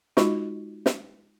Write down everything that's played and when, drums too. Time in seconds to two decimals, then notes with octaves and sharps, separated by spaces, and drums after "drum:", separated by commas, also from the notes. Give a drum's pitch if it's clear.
0.17 G#3 D#4 F4 F#4 D#5 C#6, drum: snare
0.86 drum: snare